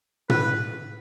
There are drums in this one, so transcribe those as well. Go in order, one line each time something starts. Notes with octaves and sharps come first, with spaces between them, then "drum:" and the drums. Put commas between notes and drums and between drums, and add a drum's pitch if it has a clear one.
B4, drum: tom